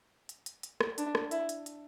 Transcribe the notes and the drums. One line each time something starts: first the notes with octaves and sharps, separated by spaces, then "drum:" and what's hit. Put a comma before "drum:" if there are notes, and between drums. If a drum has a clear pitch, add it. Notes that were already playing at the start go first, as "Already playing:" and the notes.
drum: hi-hat
drum: hi-hat
drum: hi-hat
drum: rim click
D4, drum: hi-hat
drum: rim click
E4, drum: hi-hat
drum: hi-hat
drum: hi-hat